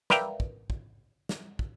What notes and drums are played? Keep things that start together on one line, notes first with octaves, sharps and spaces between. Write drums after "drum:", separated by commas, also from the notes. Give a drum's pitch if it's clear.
A#4 B4 D5 E5 F5 G5, drum: snare
drum: kick
drum: kick
drum: snare
drum: kick